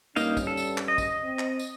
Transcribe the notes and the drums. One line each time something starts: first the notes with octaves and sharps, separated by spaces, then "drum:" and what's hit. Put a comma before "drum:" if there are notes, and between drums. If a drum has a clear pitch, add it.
G2 G3 A#3 C#4 D#4 F5, drum: tambourine
drum: kick, tambourine
A4
drum: tambourine
drum: clap
D#5
drum: kick, tambourine
C4
drum: clap
drum: tambourine